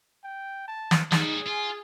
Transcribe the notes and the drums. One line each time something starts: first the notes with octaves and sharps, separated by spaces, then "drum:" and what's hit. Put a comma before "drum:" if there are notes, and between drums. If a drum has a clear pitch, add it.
G5
A5
drum: snare
G3 D#4 F#4 G#4, drum: snare
F4 G#5